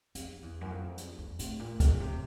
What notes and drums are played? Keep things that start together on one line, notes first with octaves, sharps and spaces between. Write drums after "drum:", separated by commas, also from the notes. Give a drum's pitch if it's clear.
F2, drum: hi-hat
E2
F#2
F2
drum: hi-hat
E2
A2, drum: hi-hat
A#2
A#2, drum: kick, hi-hat
C3